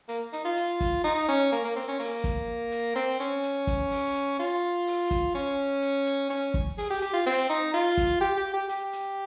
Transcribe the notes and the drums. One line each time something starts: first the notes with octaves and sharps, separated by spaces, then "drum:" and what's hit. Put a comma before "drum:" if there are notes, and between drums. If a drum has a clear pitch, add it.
A#3, drum: hi-hat
D#4, drum: hi-hat
F4
drum: hi-hat
drum: kick, hi-hat
D#4, drum: open hi-hat
C#4, drum: hi-hat
A#3, drum: hi-hat
A#3
C4
C#4
A#3, drum: open hi-hat
drum: kick, hi-hat
drum: hi-hat
C4, drum: hi-hat
C#4, drum: hi-hat
drum: hi-hat
drum: kick, hi-hat
drum: open hi-hat
drum: hi-hat
F4, drum: hi-hat
drum: open hi-hat
drum: kick, hi-hat
C#4
drum: hi-hat
drum: hi-hat
C#4, drum: hi-hat
drum: kick
G#4, drum: open hi-hat
G4
G4, drum: hi-hat
F4
C4, drum: hi-hat
D#4
F4, drum: open hi-hat
drum: kick, hi-hat
G4
G4
G4
G4, drum: hi-hat
drum: hi-hat